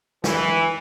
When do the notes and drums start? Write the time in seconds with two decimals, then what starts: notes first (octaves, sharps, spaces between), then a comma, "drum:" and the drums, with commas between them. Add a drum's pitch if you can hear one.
0.24 E3, drum: snare